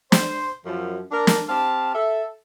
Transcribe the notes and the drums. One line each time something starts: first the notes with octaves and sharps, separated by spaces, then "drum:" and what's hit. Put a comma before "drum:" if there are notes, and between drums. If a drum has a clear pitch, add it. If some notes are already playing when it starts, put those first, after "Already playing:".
C5, drum: snare
F#2 F3
D4 A#4 D5
drum: snare
C4 G4 F5 A5
A4 E5